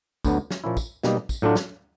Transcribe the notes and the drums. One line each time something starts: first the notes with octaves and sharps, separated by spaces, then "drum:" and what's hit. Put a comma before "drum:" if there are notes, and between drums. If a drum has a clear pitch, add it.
D2 D3 F#3 B3, drum: kick, tambourine
drum: snare
A#2 F3 A#3 C#4 E4
drum: kick, tambourine
B2 G3 A#3 D#4, drum: snare
drum: kick, tambourine
A2 F#3 A3 D4 F4
drum: snare